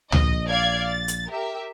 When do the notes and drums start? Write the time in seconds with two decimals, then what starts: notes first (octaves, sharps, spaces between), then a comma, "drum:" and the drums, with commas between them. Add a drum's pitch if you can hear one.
0.12 A#1 D#5, drum: tom C#2
0.49 D5 F5 G#6
0.87 A6
1.08 drum: hi-hat
1.29 G4 A#4 E5